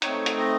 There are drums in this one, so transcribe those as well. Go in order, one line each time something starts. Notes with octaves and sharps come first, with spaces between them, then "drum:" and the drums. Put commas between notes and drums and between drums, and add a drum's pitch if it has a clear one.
A3 C4 D#4 C#5, drum: hi-hat
drum: hi-hat
D#5